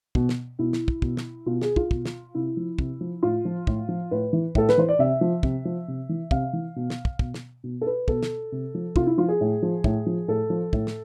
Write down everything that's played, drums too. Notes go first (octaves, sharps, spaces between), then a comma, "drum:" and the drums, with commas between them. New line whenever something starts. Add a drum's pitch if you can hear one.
B2, drum: kick
drum: snare
B2 E4
drum: snare
drum: kick
B2, drum: kick
drum: snare
B2 F4
G#4, drum: snare
F4, drum: kick
B2, drum: kick
drum: snare
C3 E4
F3
C3, drum: kick
F3
A2 F4
F3
A2, drum: kick
F3
A2 B4
E3
A2 A4, drum: kick
B4, drum: snare
E3 C5
D5
C3 E5
F3
C3, drum: kick
F3
C3
E3
C3 F5, drum: kick
E3
B2
drum: snare
drum: kick
B2, drum: kick
drum: snare
B2
A4
B4
B2 A4, drum: kick
drum: snare
C3
F3
C3 F4, drum: kick
E4
F3 F4
G#4
A2
F3
A2, drum: kick
F3
A2 A4
F3
A2, drum: kick
drum: snare